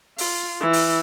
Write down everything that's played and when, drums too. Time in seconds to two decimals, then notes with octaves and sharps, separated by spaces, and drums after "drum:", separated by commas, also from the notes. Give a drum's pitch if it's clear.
0.18 F4, drum: open hi-hat
0.60 E3
0.73 drum: open hi-hat